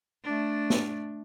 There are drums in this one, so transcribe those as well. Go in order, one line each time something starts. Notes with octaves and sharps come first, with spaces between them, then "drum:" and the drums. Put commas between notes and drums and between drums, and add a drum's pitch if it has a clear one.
A3 D4
drum: snare